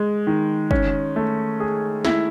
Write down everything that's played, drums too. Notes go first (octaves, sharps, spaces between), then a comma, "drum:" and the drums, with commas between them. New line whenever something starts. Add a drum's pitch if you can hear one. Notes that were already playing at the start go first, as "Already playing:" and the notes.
Already playing: G#3
D#3
C#4, drum: kick
A3
G#4
E4, drum: snare